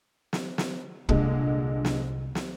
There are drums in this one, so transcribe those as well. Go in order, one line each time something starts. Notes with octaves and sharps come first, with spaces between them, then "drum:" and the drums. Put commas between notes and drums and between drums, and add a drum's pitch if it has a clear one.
drum: snare
drum: snare
C2 A#2 D3 G#3, drum: kick
drum: snare
drum: snare